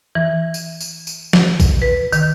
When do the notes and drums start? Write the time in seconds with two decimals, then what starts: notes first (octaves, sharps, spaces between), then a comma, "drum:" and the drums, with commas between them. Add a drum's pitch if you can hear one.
0.15 E3
0.54 drum: tambourine
0.81 drum: tambourine
1.07 drum: tambourine
1.33 drum: snare
1.60 drum: kick, tambourine
1.82 B4
2.13 D#3, drum: tambourine